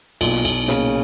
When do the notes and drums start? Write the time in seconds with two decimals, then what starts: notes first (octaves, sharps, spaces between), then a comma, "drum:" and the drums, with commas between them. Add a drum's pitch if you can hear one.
0.21 B1 A#2, drum: cymbal
0.45 B1, drum: cymbal
0.68 A#2 C#3, drum: snare